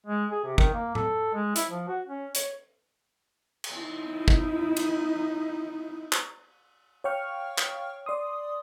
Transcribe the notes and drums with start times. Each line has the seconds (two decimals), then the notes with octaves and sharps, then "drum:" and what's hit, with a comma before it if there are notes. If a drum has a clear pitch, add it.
0.06 G#3
0.31 G#4
0.44 C3
0.58 D#3, drum: kick
0.74 A#3
0.95 A4, drum: tom A2
1.35 G#3
1.56 E4, drum: hi-hat
1.70 F3
1.88 F#4
2.07 C#4
2.35 C#5, drum: hi-hat
3.64 drum: cymbal
3.74 D#4 E4
4.28 drum: kick
4.77 drum: cymbal
6.12 drum: clap
7.04 C#5 F5 G5 C#6 F6
7.58 drum: clap
8.06 D5 C6 D#6